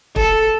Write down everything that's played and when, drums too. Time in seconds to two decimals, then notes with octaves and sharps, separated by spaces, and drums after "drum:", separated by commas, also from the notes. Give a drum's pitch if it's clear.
0.16 A4, drum: kick